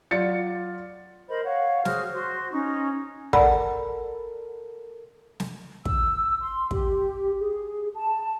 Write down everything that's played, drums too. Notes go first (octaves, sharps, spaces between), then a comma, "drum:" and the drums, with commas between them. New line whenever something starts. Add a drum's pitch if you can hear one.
F#3 F4 D5 A6 C#7
A#4 C5 D#5 B5
C#5 F5 F#5
F#4 G#4 C5 F6, drum: snare
F#4 C5 C6
C#4 D#4 C#6
A4 A#4 D5 F#5 B5, drum: kick
drum: snare
E6, drum: kick
C6
G4, drum: kick
G#4
A5